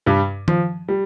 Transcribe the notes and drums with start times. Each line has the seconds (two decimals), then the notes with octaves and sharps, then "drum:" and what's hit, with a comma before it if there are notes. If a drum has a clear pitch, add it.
0.06 G2 G3
0.48 F3, drum: tom D#3
0.88 G3